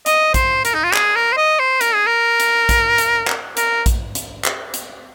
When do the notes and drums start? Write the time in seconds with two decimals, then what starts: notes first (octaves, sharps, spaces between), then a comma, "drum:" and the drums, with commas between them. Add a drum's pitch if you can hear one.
0.06 D#5, drum: hi-hat
0.34 C5, drum: kick A#1, hi-hat
0.65 A#4, drum: hi-hat
0.74 D#4
0.84 F4
0.93 G#4, drum: clap
1.16 A#4
1.32 C5
1.37 D#5
1.60 C5
1.81 A#4, drum: hi-hat
1.94 G#4
2.07 A#4
2.40 drum: hi-hat
2.69 drum: kick A#1, hi-hat
2.98 drum: hi-hat
3.27 drum: clap
3.57 A#4, drum: hi-hat
3.86 drum: kick A#1, hi-hat
4.15 drum: hi-hat
4.44 drum: clap
4.74 drum: hi-hat